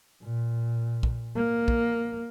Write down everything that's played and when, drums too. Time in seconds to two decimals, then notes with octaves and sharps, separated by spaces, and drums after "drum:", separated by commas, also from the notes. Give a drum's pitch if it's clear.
0.22 A#2
1.03 drum: kick
1.36 A#3
1.68 drum: kick